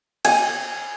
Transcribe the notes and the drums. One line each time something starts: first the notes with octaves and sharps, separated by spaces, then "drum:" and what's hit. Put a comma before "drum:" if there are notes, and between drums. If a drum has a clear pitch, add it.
G#5, drum: cymbal